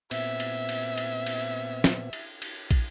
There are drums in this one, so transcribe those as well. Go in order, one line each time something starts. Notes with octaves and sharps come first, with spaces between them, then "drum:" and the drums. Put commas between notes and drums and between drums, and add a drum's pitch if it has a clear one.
A#2 B3 C4 E5, drum: cymbal
drum: cymbal
drum: cymbal
drum: cymbal
drum: cymbal
drum: snare
drum: cymbal
drum: cymbal
drum: kick, cymbal